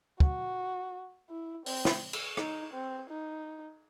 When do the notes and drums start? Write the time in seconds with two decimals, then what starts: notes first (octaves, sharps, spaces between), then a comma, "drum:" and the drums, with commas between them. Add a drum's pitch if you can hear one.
0.20 F#4, drum: kick
1.30 E4
1.66 C4, drum: open hi-hat
1.85 drum: snare
2.13 drum: cymbal
2.37 D#4, drum: rim click
2.74 C4
3.10 D#4